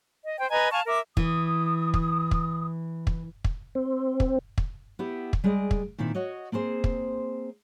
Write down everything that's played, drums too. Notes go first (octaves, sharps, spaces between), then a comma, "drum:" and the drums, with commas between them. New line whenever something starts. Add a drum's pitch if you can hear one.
D#5
C5 G5
B4 D#5 G#5 A#5
F5 G#5 A5 C#6
A#4 E5 D6
E3 D#6, drum: kick
drum: kick
drum: kick
drum: kick
drum: kick
C4
drum: kick
drum: kick
B3 E4 G4
drum: kick
G3 G#3 G#4 D5 D#5
drum: kick
A#2 D#3 C4 E4
F#4 C#5 D#5
A#3 C4 G#4 C5
drum: kick